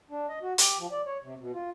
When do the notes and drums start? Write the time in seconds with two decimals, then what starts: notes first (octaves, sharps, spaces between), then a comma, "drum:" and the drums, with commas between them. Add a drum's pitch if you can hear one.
0.10 D4
0.29 D#5
0.42 F#4
0.58 G4, drum: hi-hat
0.79 F3
0.92 D5
1.06 C#5
1.23 C3
1.40 B2
1.53 F4